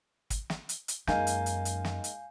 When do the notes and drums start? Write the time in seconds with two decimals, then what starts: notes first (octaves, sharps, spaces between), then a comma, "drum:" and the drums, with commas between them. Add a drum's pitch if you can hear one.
0.30 drum: kick, hi-hat
0.50 drum: snare
0.69 drum: hi-hat
0.88 drum: hi-hat
1.07 F#2 G#3 A#3 D#4 F5 G#5 G6, drum: snare
1.27 drum: hi-hat
1.46 drum: hi-hat
1.65 drum: hi-hat
1.85 drum: snare
2.04 drum: hi-hat